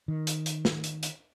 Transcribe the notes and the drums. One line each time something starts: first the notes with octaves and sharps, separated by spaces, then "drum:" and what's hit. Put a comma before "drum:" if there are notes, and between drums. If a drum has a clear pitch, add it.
D#3
drum: hi-hat
drum: hi-hat
drum: snare
drum: hi-hat
drum: hi-hat